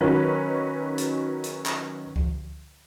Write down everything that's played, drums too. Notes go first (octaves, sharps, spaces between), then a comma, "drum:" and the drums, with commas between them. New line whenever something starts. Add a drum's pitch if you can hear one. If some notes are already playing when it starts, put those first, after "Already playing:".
D#3 F#3 C#4 A#4 B4
drum: hi-hat
drum: hi-hat
drum: clap
drum: kick C#2